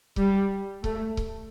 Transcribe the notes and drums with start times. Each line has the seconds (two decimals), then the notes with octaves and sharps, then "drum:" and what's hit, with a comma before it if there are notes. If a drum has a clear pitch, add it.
0.16 G3, drum: kick C#1
0.84 A3, drum: kick C#1
1.17 drum: kick C#1